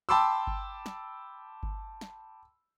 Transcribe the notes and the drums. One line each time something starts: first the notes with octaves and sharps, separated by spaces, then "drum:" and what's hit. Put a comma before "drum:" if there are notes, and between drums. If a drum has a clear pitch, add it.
G5 A5 B5 C6 D6 E6
drum: kick G1
drum: snare
drum: kick G1
drum: snare